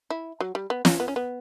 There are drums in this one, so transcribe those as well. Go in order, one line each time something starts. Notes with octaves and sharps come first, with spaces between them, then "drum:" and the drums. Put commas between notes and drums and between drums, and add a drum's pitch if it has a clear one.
E4
F#3
G3
B3
C#4, drum: snare
B3
C#4
B3